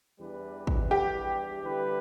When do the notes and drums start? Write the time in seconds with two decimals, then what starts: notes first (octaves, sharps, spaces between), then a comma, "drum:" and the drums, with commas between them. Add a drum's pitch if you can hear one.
0.19 E2 E3 G3 D4 B4
0.67 drum: kick
0.91 G4
1.63 D3 G3 E4 B4